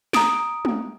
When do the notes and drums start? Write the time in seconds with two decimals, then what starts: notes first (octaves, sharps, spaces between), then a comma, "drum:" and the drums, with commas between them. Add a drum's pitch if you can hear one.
0.13 A#5 D#6 D7, drum: snare
0.65 drum: tom